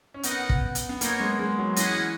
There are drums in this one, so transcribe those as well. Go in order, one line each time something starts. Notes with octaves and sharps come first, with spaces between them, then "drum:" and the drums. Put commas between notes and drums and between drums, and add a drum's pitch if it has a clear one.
C#4
B3 D#4 A#4 D#5 F#5, drum: hi-hat
drum: kick
drum: hi-hat
B3
A#3 D#4 A#4 C#5, drum: hi-hat
G#3
G#3
F#3
E3 C#4 G#4 D#5 F#5, drum: hi-hat